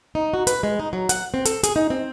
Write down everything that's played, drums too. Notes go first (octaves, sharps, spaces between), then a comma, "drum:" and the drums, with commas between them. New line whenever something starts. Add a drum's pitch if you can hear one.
D#4
F#4
B4, drum: hi-hat
G#3
D#4
F#3
F#5, drum: hi-hat
C4
A4, drum: hi-hat
G#4, drum: hi-hat
D#4
C4